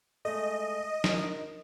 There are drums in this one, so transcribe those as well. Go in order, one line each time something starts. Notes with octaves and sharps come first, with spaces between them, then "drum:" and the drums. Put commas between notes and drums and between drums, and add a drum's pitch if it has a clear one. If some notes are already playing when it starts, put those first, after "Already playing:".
G#3 A3 D#5
D#4 A#4, drum: snare